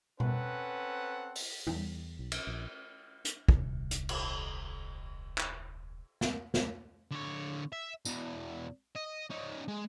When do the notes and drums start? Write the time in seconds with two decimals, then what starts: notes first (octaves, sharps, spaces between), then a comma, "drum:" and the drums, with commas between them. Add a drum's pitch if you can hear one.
0.20 C4 C#4 A4 B4 F#5, drum: tom B2
1.35 drum: open hi-hat
1.67 E2, drum: tom
2.19 B1
2.32 drum: cymbal
2.47 A#1
3.25 drum: hi-hat
3.49 D#1 C2, drum: kick
3.91 drum: hi-hat
4.09 drum: cymbal
5.38 drum: clap
6.21 drum: snare
6.54 drum: snare
7.11 D3 C#5
7.72 E5
8.05 E2 B2, drum: tambourine
8.96 D#5
9.30 C#4 D#4
9.68 G#3